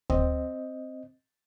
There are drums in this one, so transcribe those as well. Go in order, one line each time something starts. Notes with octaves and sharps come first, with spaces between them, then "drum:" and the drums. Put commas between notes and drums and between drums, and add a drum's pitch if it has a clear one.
C4 D#5, drum: kick